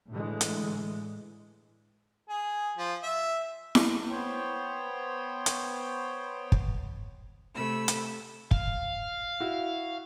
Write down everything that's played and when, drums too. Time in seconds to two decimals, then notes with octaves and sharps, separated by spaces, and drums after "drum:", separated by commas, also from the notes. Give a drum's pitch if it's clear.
0.10 A2 D3 E3 G#3
0.41 drum: hi-hat
2.29 G#4
2.77 F3
3.03 E5
3.75 drum: snare E4
4.10 B3 C5 C#5 G5
5.46 drum: hi-hat
6.52 drum: kick
7.55 C3 A3 B5 E6
7.88 drum: hi-hat
8.51 F5, drum: kick
9.40 E4 F#4